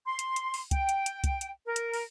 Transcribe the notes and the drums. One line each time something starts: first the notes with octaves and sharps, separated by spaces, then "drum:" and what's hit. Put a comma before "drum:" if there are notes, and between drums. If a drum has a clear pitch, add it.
C6
drum: hi-hat
drum: hi-hat
drum: open hi-hat
G5, drum: kick, hi-hat
drum: hi-hat
drum: hi-hat
drum: kick, hi-hat
drum: hi-hat
A#4
drum: hi-hat
drum: open hi-hat